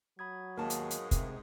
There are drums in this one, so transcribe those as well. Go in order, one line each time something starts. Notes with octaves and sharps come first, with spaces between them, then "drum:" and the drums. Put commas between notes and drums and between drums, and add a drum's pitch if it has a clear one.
F#3 B5 D#6 G#6
D#2 G#2 B2 G#3 A#4 F5 A5
drum: hi-hat
drum: hi-hat
C3 A3, drum: kick, hi-hat